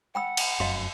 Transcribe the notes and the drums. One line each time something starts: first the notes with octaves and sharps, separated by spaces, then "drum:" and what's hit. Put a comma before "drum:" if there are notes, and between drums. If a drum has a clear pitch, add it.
F#5 G5 B5 E6
drum: cymbal
F1 F#2 D#5 F5 C6